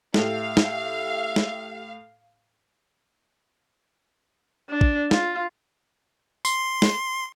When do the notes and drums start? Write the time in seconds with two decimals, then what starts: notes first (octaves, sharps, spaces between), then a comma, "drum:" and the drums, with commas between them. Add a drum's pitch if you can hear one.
0.14 A2 G4 A4 E5 F5 G5, drum: snare
0.57 drum: snare
1.36 drum: snare
4.69 D4
4.81 drum: kick
5.11 F4, drum: snare
6.45 C6, drum: tambourine
6.82 drum: snare